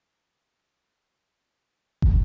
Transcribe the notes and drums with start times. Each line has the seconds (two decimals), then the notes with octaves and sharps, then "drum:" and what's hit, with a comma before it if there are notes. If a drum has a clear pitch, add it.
0.22 G#4 F5 A5
0.43 E4 A#4 F6
2.02 drum: kick